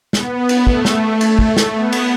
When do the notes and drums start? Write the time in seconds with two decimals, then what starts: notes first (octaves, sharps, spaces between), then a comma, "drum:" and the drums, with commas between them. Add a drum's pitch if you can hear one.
0.13 B3, drum: snare
0.49 drum: cymbal
0.67 A3, drum: kick
0.85 drum: snare
1.21 drum: cymbal
1.39 drum: kick
1.57 drum: snare
1.74 B3
1.92 drum: cymbal